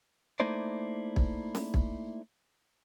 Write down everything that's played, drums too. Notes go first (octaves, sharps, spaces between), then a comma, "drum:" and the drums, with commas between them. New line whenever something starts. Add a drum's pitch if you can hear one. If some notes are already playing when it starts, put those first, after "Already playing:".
A3 A#3 D#4 E4 C5 D5
drum: kick
drum: snare C#4
drum: kick